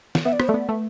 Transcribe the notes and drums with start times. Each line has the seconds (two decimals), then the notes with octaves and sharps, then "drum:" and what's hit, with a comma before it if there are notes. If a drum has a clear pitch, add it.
0.15 drum: snare
0.25 B3 E5
0.33 D5
0.40 B3 C5, drum: rim click
0.48 A3 D5
0.54 B3
0.69 A3